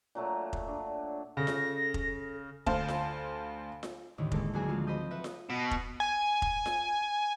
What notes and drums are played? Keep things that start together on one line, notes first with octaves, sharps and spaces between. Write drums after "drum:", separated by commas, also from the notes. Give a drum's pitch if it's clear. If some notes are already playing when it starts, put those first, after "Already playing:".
A#2 F#3 A3
drum: kick F1
D4
C#3 A4 A#6
drum: snare F4
drum: kick F1
D2 C5 F5 A5, drum: kick F1
drum: snare F4
drum: snare F4
A1 E2 D3 D#3
G#3 A#3 C4 A4, drum: kick F1
D2 F#3 F#4 G#4 G#5
F3 G#3 A3 C4 F4
C5 D#5 B5 C6 D#6 G6
B4 E5 F#5
drum: snare F4
B2
drum: kick F1
G#5
drum: kick F1
drum: snare F4